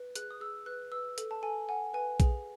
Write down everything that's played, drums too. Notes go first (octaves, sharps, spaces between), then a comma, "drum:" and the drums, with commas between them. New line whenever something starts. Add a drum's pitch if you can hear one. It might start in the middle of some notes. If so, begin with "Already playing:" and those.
Already playing: B4
G#4 F#6, drum: hi-hat
D#6
G#4 E6
B4 F#6
B4 E6
A4, drum: hi-hat
A5
A4 G#5
F#5 G#5
B4 G#5
G#4, drum: kick A#1, hi-hat